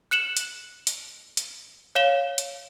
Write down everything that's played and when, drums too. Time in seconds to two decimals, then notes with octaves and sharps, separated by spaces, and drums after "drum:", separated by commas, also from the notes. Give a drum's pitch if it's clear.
0.11 F#6 C#7 E7 F#7
0.37 drum: hi-hat
0.87 drum: hi-hat
1.37 drum: hi-hat
1.95 C#5 F5 E7 G7
2.38 drum: hi-hat